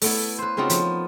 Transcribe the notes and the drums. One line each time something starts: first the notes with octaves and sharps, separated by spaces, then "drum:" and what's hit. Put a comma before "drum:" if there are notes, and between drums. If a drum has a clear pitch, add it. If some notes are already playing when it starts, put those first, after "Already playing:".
A3 B3 E4, drum: open hi-hat
B4 C5
C#3 B3 C4 D#4 F4 F#4
F3 B3, drum: hi-hat